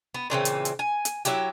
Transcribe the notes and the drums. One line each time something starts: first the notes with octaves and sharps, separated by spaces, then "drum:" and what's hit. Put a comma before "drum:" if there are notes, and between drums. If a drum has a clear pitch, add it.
B3
A#2 C#3 E3 C4
drum: hi-hat
drum: hi-hat
G#5
drum: hi-hat
F#3 E4 F#4 G4, drum: hi-hat